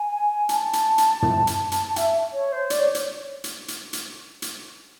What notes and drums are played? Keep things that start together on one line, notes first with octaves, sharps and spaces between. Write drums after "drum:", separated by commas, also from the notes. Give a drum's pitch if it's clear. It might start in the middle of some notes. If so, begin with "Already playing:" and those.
Already playing: G#5
A5, drum: hi-hat
drum: hi-hat
drum: hi-hat
drum: tom
drum: hi-hat
drum: hi-hat
E5, drum: hi-hat
C#5
C5
D5, drum: hi-hat
C#5
drum: hi-hat
drum: hi-hat
drum: hi-hat
drum: hi-hat
drum: hi-hat